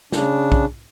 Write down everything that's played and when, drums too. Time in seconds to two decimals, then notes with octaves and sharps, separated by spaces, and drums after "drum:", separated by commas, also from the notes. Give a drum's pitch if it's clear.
0.12 C#3 D4, drum: snare
0.52 drum: kick B1